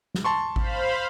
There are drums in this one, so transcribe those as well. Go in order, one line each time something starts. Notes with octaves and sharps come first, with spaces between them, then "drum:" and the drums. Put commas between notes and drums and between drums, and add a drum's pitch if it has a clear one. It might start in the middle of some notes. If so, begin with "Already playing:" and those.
drum: snare
A5 C6 C#6
C5 F5 B5, drum: kick G#1